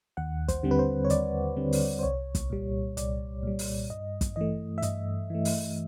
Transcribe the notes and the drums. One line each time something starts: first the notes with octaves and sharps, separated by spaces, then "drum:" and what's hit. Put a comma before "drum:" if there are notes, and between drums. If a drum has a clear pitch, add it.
D#2 F#5
C5, drum: kick, hi-hat
D3 G3 C4
B4
C5
C#5
D#2 D5, drum: hi-hat
D3 G3 C4
drum: open hi-hat
C5
C2 C#5
drum: kick, hi-hat
A#2 G3
C2 D5, drum: hi-hat
A#2 G3
drum: open hi-hat
G2 D#5
drum: kick, hi-hat
E3 A3 D#5
E5
G2 D#5, drum: hi-hat
E3 A3
drum: open hi-hat